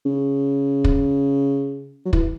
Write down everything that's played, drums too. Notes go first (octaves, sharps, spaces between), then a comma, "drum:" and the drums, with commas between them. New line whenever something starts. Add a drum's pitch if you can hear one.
C#3
drum: kick
F#3
E3, drum: kick